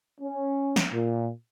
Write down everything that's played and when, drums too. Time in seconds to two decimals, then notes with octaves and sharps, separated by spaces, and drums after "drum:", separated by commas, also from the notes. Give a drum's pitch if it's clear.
0.21 C#4
0.76 drum: snare
0.93 A#2